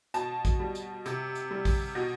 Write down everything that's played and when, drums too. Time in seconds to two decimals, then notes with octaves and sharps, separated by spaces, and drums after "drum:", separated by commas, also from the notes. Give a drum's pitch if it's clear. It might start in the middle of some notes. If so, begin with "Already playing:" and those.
0.14 B2 A5, drum: hi-hat
0.45 drum: kick A#1, hi-hat
0.59 G3
0.75 drum: hi-hat
1.06 C3, drum: hi-hat
1.35 drum: hi-hat
1.51 G3
1.65 drum: kick A#1, open hi-hat
1.95 B2